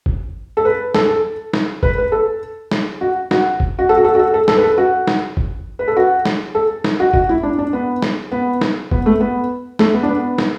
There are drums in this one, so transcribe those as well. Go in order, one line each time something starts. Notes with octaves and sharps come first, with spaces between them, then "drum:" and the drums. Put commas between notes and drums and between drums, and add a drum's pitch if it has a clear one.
drum: kick
A4
B4
A4, drum: snare
A4
drum: snare
B4, drum: kick
B4
A4
drum: snare
F#4
F#4, drum: snare
drum: kick
F#4
A4
F#4
A4
F#4
A4
A4
A4, drum: snare
B4
A4
F#4
drum: snare
drum: kick
B4
A4
F#4
drum: snare
A4
drum: snare
F#4
F#4, drum: kick
E4
D4
D4
B3
drum: snare
B3
drum: snare
B3, drum: kick
A3
B3
A3, drum: snare
B3
D4
B3
drum: snare